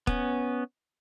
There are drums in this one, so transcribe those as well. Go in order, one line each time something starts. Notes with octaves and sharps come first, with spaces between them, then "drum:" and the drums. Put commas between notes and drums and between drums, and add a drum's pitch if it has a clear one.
B3 C#4, drum: kick D#1